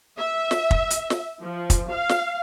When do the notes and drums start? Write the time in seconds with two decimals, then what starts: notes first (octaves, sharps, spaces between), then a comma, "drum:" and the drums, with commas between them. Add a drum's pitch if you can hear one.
0.18 E5
0.51 drum: snare
0.71 drum: kick
0.90 drum: hi-hat
1.10 drum: snare
1.43 F3
1.70 drum: kick, hi-hat
1.90 F5
2.09 drum: snare